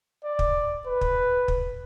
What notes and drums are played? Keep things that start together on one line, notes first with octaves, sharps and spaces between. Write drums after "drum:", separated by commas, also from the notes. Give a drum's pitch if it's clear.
D5
drum: kick
B4
drum: kick
drum: kick